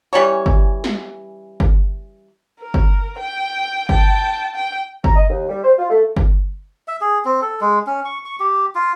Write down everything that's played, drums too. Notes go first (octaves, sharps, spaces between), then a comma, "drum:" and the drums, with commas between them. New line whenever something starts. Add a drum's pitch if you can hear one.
E3 G3 C#4 C#5
drum: kick G1
drum: snare
drum: kick G1
A#4
drum: kick G1
G5
G5 A5, drum: kick G1
G5
A#5, drum: kick G1
D#5
D#2
G3
C5
F4
A3
drum: kick G1
E5
G#4
C4
A4
G#3
C#4
C#6
C#6
G4
F4